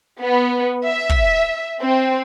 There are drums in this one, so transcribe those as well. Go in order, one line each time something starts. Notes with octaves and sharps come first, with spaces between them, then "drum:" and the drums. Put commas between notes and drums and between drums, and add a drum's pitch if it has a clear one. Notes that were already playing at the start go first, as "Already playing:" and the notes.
B3
E5
drum: kick
C4